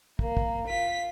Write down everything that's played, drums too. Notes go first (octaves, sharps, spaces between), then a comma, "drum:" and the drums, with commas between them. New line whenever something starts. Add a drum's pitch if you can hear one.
A#3, drum: kick
drum: kick
F4 B6